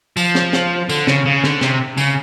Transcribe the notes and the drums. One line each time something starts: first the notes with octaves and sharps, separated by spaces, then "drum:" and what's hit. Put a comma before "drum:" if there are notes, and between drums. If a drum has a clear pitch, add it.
F3, drum: tambourine
drum: snare
drum: snare
D3, drum: tambourine
C#3, drum: snare
C#3
D3, drum: snare
C3, drum: snare
C#3, drum: tambourine